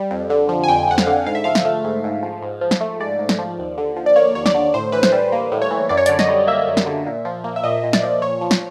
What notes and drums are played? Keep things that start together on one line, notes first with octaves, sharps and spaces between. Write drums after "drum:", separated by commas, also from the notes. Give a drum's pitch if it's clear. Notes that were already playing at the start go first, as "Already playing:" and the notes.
Already playing: G3
F2
D3
F3
G#5
F2 G5
F2 F#5
F5, drum: snare
D3
G#2 F5
E5
F3 F5
drum: snare
A3
G#2
G#2
F3
G#2
F3
drum: snare
A3
G#2 D5
G#2
drum: snare
F3
D#2
D3
F3
D5
A#3 C#5
D#2 C#5
D5, drum: snare
D3
A2 C5
E3 B4
C5, drum: snare
G3
A#3
A2
C#5
E3
F#2 D5
C#5
D3 D5, drum: hi-hat
D#5, drum: snare
G3
A#3 E5
F#2
drum: snare
D3
A#2
F3
A#3
E5
A#2 D#5
A#2
D5, drum: snare
F3
A#2 C#5
F3
drum: snare